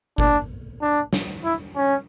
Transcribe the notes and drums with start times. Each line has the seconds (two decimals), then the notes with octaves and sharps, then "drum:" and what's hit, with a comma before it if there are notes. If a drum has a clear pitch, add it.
0.18 D4, drum: kick G1
0.81 D4
1.13 drum: snare
1.44 E4
1.76 C#4